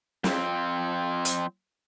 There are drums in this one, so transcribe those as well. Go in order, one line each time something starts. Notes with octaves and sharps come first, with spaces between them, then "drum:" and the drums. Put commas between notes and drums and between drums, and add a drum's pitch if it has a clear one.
F2 C4, drum: snare
drum: hi-hat